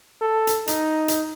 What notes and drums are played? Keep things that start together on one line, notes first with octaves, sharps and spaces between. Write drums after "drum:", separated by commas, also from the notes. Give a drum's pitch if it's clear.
A4
drum: hi-hat
D#4, drum: hi-hat
drum: hi-hat